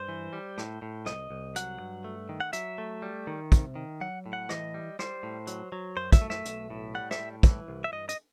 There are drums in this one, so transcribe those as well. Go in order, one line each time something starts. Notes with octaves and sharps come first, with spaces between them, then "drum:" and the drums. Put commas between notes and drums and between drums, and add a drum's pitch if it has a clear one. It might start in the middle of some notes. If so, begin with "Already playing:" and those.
Already playing: G2 C5
E3
G3
A2, drum: rim click
A2
C2 D#5, drum: rim click
C2
F#3 F#5, drum: hi-hat
G2
A3
D#3
F#5
F#3 E5, drum: hi-hat
A3
G3
D#3
C3, drum: kick, hi-hat
D#3
F#3 F#5
A2
F#5
E3 D#5, drum: rim click
G3
G3 C5, drum: rim click
A2
F#3, drum: hi-hat
F#3
F#2 C5
E5, drum: kick, hi-hat
A3
E5, drum: rim click
B1, drum: hi-hat
A2
G3 F#5
E5, drum: rim click
A2
E3, drum: kick, hi-hat
C2
E5
G2 D#5
D#5, drum: hi-hat